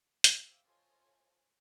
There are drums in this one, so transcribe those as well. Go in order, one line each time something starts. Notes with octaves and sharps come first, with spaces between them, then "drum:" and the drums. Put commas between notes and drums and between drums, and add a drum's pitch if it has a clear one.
G4 C5 E5 F5 D6 E6, drum: hi-hat
F4 A4 C5 C#5 D#5 G#5